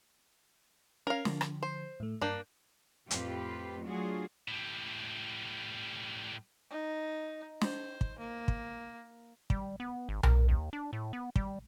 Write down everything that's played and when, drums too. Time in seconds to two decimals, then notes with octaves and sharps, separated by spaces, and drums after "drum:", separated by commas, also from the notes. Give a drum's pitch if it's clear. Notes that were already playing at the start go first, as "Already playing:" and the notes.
1.07 C#4 A#4 F5
1.25 D3 F3, drum: snare
1.41 drum: rim click
1.63 C5
2.00 A2 A3
2.21 G2 A#3 D4 G6
3.11 F2 A2 F3 F4 G4 B4, drum: hi-hat
3.84 F#3 A3 D4 F4 F#4 G#4
4.48 A2 G3
6.71 D#4
7.62 C5, drum: snare
8.01 drum: kick
8.19 A#3
8.48 drum: kick
9.50 G3, drum: kick
9.80 B3
10.09 G#1
10.23 A#4, drum: tom B1
10.48 D#2
10.73 D4
10.93 A2
11.13 B3
11.36 G3, drum: kick